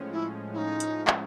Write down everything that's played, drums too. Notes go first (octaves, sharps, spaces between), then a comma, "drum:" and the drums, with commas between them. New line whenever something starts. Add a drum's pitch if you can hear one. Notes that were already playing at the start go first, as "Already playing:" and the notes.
Already playing: A2 F3 G#3 C#4
E4
E4
D#4
drum: hi-hat
drum: clap